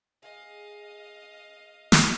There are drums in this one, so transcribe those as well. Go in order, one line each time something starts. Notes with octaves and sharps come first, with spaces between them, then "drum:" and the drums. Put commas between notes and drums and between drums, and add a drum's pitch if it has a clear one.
G#4 D#5 F5
drum: snare